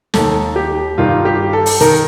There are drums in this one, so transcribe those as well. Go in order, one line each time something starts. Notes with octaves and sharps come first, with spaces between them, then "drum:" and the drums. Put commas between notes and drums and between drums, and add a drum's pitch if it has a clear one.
D#2 D#3 A4, drum: snare
G4
G2 D#3 F4
G4
A4
drum: open hi-hat
D#3 A#4, drum: hi-hat